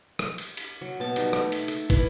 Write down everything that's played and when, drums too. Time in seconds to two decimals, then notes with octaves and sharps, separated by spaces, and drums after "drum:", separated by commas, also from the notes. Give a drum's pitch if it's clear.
0.19 drum: rim click
0.38 drum: cymbal
0.57 drum: cymbal
0.81 F#3
1.00 B2 A5
1.16 G3 D#4, drum: cymbal
1.33 A3, drum: rim click
1.52 drum: cymbal
1.68 A4, drum: cymbal
1.90 E3, drum: kick, cymbal